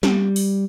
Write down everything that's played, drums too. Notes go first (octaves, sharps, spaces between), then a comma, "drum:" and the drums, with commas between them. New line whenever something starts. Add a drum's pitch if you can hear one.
G3, drum: snare
drum: open hi-hat